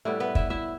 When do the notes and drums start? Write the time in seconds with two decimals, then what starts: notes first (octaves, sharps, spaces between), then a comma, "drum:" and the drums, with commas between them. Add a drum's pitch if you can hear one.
0.05 A2 G3 B3 E4
0.20 B3 B4
0.35 E4 E5, drum: kick
0.50 E4 E5